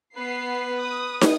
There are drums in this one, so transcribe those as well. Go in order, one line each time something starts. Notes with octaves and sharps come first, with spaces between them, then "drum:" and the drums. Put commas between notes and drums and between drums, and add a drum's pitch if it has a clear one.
B3 B4 C7
D#6
drum: snare